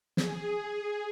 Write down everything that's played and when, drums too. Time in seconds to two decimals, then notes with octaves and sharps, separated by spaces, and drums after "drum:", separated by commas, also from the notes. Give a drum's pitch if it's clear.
0.17 G#4, drum: snare